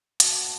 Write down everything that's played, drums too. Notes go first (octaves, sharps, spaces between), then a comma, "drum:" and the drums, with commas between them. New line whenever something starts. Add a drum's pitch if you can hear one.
B2 F#5 A5, drum: hi-hat
F#5 A5